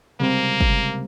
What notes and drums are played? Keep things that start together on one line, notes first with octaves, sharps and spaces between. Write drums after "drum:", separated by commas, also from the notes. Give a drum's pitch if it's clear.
C#2 C3 G3 A#3 C4
drum: kick